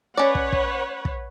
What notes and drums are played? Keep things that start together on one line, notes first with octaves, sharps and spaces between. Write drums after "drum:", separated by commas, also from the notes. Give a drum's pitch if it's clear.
C#4 B4 C#5 D5 F#5
drum: kick
drum: kick
drum: kick